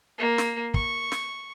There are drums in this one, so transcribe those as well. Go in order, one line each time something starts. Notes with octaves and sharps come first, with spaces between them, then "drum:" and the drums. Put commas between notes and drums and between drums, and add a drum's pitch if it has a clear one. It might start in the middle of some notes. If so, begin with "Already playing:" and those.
A#3
drum: snare
C#6, drum: kick
drum: snare